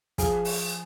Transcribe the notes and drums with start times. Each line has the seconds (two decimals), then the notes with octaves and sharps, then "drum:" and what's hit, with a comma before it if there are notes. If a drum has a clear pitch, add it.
0.18 F3 G#4, drum: kick, hi-hat
0.45 drum: open hi-hat